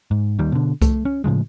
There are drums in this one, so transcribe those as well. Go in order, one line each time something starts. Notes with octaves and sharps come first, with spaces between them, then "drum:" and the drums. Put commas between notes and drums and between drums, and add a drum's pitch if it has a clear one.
G#2
D#2 D#3 G3
B2 D3
A3, drum: kick C2, hi-hat
C#4
A2 C#3 F3 G#3